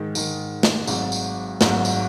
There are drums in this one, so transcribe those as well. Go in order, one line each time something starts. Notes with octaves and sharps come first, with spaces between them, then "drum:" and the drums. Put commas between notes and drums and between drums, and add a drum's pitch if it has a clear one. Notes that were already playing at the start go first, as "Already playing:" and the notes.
Already playing: G#2 D#3 G#3
G#2 D#3 G#3, drum: tambourine
drum: snare
G#1 G#2 F#3, drum: tambourine
drum: tambourine
G#1 G#2 F#3, drum: snare
drum: tambourine